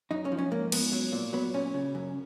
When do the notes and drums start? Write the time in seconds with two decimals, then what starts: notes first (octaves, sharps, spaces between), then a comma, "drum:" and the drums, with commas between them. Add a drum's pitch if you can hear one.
0.11 F#2 D#4
0.25 C#4
0.32 F3
0.38 C#4
0.51 G#2 A#3
0.72 G#2 B3, drum: cymbal
0.92 F#3
1.12 A#2
1.33 F#3 B3
1.54 A#2 C#4
1.74 C#3
1.95 F#2